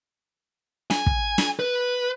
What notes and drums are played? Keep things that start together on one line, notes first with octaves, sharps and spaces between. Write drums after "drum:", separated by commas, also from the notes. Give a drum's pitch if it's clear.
G#5, drum: snare
drum: kick
drum: snare
B4